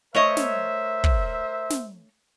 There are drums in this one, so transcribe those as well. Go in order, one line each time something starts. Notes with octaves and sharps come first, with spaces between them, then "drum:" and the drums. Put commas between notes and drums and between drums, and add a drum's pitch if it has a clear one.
A3 A#4 C5 C#5 D#5 E5
drum: snare
drum: kick
drum: snare